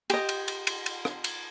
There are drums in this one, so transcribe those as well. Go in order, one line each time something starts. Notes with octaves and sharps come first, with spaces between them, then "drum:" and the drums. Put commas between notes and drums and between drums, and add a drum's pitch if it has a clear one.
G4 D#5, drum: cymbal
drum: cymbal
drum: cymbal
drum: cymbal
drum: cymbal
drum: rim click
drum: cymbal